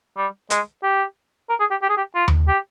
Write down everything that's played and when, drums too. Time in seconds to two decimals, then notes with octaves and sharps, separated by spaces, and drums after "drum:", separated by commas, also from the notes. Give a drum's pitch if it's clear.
0.17 G3
0.50 G#3, drum: hi-hat
0.83 G4
1.49 A#4
1.60 G#4
1.71 G4
1.82 G4
1.89 G#4
1.97 G4
2.15 F4
2.28 drum: tom D#2
2.48 G4